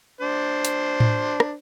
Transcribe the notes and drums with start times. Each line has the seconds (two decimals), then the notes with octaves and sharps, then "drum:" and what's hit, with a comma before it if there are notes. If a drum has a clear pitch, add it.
0.21 D4 C5
0.65 drum: hi-hat
1.00 drum: tom A2
1.40 drum: rim click